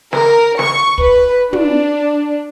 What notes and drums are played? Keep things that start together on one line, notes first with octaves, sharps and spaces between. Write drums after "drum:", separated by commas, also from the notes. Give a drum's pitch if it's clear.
A#4, drum: snare
C#6, drum: snare
B4, drum: kick
D4, drum: tom